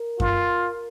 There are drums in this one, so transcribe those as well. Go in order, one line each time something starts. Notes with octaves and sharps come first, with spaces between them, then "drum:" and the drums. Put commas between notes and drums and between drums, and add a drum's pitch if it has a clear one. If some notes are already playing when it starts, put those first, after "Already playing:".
Already playing: A#4
F4, drum: kick F#2